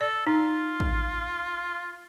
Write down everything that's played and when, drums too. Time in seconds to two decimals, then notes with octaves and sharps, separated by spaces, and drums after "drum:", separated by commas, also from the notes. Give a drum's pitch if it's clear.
0.01 A4 D5
0.27 D#4 F4
0.80 drum: kick